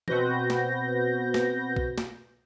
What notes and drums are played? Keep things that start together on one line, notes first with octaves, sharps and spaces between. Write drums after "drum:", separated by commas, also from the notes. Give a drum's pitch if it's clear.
B2 C4 F#4 B4 G6 A#6, drum: tom E3
drum: snare
drum: snare
drum: kick
drum: snare